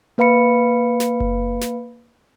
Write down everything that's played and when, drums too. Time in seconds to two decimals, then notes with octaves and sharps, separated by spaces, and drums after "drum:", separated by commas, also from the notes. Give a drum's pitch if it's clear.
0.18 A#3 B4 F5 B5 C#7
1.00 drum: snare
1.20 drum: kick F#1
1.61 drum: snare